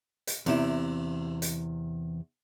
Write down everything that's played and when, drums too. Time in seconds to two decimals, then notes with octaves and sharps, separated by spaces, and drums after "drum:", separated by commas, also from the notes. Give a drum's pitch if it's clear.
0.27 drum: hi-hat
0.46 E2 C3 E4, drum: cymbal
1.42 drum: hi-hat